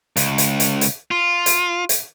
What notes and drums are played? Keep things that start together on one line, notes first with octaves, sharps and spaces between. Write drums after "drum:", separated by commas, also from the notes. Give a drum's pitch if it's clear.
C#2, drum: hi-hat
drum: hi-hat
drum: hi-hat
drum: hi-hat
F4
drum: hi-hat
drum: hi-hat